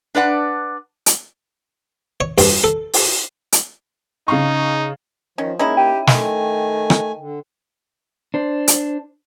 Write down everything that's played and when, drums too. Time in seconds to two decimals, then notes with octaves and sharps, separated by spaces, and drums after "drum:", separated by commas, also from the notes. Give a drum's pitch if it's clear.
0.15 D4 B4 D5 F#5
1.06 drum: hi-hat
2.20 C#5
2.38 G2, drum: open hi-hat
2.64 A4
2.93 drum: open hi-hat
3.52 drum: hi-hat
4.28 C#3 D#4 F5 C#6
5.38 D#3 F3 C#4
5.59 G#3 A#3 C#4 D#4 E4
5.77 G4 G5
6.07 D#3 A3 G#5, drum: snare
6.90 drum: rim click
7.17 D3
8.34 D4 C5
8.68 drum: hi-hat